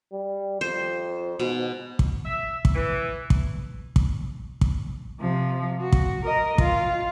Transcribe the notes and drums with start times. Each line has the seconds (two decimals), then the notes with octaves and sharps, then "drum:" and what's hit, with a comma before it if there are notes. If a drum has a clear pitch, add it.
0.12 G3
0.61 F2 C5
1.39 G#2 B2
1.99 drum: kick
2.25 E5
2.65 drum: kick
2.75 E3
3.30 drum: kick
3.96 drum: kick
4.61 drum: kick
5.20 C3 F3
5.81 F#4
5.92 drum: kick
6.25 A#4 D#5
6.58 F4, drum: kick